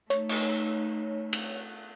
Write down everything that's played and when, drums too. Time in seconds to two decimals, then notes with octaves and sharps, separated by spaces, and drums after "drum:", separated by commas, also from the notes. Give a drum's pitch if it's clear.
0.10 A3 D#4 C#5, drum: hi-hat
0.29 drum: cymbal
1.33 drum: cymbal